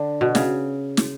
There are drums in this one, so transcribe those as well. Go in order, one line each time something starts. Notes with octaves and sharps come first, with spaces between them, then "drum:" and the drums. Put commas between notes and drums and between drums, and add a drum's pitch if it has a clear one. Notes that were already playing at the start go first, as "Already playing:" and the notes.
Already playing: D3
B2
C#3, drum: snare
drum: snare